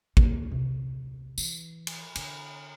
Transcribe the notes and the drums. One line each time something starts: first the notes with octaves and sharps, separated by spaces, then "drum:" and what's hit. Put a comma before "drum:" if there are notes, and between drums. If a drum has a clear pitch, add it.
A#3, drum: kick G#1
C3
E3, drum: tambourine
drum: cymbal
D3, drum: cymbal